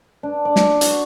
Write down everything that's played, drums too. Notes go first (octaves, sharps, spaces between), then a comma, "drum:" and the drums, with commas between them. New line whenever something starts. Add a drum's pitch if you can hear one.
D4
D5
drum: snare
F#4, drum: hi-hat